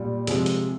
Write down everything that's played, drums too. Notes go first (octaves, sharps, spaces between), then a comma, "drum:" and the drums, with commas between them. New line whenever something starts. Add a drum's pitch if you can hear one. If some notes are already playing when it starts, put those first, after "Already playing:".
Already playing: A#2 G3
C3 F3 G#3, drum: hi-hat
drum: hi-hat